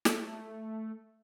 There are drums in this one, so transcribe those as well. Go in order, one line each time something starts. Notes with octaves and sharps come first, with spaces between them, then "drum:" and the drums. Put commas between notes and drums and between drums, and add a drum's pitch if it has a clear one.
A3, drum: snare